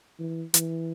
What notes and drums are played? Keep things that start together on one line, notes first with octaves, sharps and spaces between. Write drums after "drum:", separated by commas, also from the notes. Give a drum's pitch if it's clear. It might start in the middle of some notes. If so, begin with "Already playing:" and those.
E3
E3, drum: hi-hat